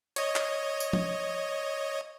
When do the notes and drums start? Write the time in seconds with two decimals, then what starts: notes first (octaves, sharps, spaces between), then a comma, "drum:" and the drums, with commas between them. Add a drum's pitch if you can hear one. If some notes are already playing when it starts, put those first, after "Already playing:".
0.16 C#5 D#5, drum: hi-hat
0.36 drum: clap
0.80 drum: tambourine
0.93 drum: tom F3